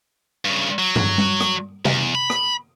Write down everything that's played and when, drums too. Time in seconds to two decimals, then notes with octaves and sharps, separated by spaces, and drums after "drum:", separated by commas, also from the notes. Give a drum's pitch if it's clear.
0.45 G2 C#3
0.78 F#3
0.96 drum: tom
1.18 drum: tom G3
1.40 drum: rim click
1.85 E2, drum: tom C3
2.15 B5
2.30 drum: rim click